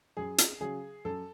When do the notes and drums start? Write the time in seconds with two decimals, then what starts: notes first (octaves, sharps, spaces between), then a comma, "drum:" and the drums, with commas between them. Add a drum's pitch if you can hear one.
0.17 F#2 G#4
0.38 drum: hi-hat
0.60 C#3 F#3 G#4
1.05 F#2 A4